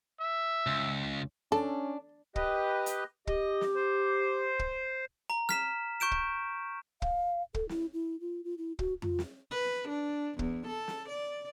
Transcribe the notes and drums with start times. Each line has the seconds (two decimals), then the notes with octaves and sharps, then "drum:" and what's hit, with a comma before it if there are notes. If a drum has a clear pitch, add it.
0.20 E5
0.67 C#2
1.52 C#4 D4 A4
2.36 G4 B4 D#5, drum: kick
2.86 drum: hi-hat
3.27 G4 D#5, drum: kick
3.61 drum: snare
3.75 C5
4.59 drum: kick
5.30 A#5
5.49 F6 B6 E7, drum: snare
6.00 C#6 G6 D7 E7
6.11 drum: kick
7.02 F5, drum: kick
7.54 A4, drum: kick
7.69 E4, drum: snare
7.93 E4
8.20 F4
8.44 F4
8.58 E4
8.79 F#4, drum: kick
9.02 F4, drum: tom F2
9.19 drum: snare
9.51 B4
9.89 D4
10.39 E2, drum: kick
10.67 A4
10.88 drum: snare
11.09 D5